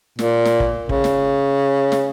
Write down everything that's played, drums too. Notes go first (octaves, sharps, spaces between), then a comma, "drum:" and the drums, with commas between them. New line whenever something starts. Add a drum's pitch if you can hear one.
A#2, drum: snare
drum: snare
drum: kick
C#3, drum: kick
drum: snare
drum: snare